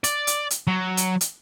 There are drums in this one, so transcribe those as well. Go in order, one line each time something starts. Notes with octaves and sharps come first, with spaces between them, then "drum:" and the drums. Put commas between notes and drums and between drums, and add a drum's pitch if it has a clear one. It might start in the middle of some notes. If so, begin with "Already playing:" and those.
D5, drum: hi-hat
drum: hi-hat
drum: hi-hat
F#3
drum: hi-hat
drum: hi-hat